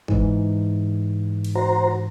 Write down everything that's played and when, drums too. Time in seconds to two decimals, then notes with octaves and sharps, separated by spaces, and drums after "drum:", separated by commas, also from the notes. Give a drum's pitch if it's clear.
0.08 G#2 E3, drum: kick
1.45 drum: cymbal
1.56 F#4 C5 A#5